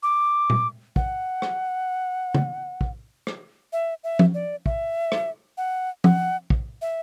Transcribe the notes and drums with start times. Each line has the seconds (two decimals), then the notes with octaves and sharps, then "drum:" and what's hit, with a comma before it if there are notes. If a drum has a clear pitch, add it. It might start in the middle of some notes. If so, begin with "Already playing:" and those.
0.03 D6
0.50 drum: tom A#2
0.96 F#5, drum: kick
1.42 drum: rim click
2.35 drum: tom C#3
2.81 drum: kick
3.27 drum: rim click
3.73 E5
4.04 E5
4.19 drum: tom F3
4.34 D5
4.66 E5, drum: kick
5.12 drum: rim click
5.58 F#5
6.04 F#5, drum: tom F3
6.50 drum: kick
6.82 E5